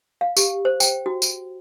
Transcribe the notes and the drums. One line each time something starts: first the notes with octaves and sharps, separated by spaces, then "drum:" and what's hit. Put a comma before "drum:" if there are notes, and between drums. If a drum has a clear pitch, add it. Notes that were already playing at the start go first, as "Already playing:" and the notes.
F5
G4, drum: tambourine
C5
G5, drum: tambourine
F#4
drum: tambourine